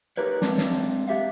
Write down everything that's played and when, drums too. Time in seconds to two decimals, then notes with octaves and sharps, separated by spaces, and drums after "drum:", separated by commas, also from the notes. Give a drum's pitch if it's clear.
0.17 D#4 G4 A#4 B4 C#5
0.42 G#3 C4 D4, drum: snare
0.58 drum: snare
1.08 G4 E5 F5